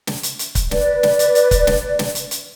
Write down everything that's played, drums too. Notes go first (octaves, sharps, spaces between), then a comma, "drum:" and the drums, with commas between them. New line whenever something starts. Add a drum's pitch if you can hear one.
drum: snare
drum: hi-hat
drum: hi-hat
drum: kick C#1, hi-hat
B4 D5, drum: snare
drum: snare
drum: hi-hat
drum: hi-hat
drum: kick C#1, hi-hat
drum: snare
drum: snare
drum: hi-hat
drum: hi-hat